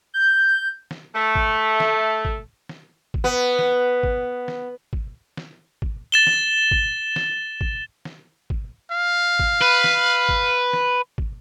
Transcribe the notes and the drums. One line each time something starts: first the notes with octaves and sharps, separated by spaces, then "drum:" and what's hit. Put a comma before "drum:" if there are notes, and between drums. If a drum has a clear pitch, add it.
G6
drum: snare
A3
drum: kick
drum: snare
drum: kick
drum: snare
drum: kick
B3
drum: snare
drum: kick
drum: snare
drum: kick
drum: snare
drum: kick
A6 E7 G7
drum: snare
drum: kick
drum: snare
drum: kick
drum: snare
drum: kick
F5
drum: kick
B4
drum: snare
drum: kick
drum: snare
drum: kick